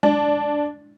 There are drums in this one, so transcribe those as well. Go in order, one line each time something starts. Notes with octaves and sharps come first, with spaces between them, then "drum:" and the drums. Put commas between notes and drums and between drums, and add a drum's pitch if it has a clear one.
D4, drum: tom G#3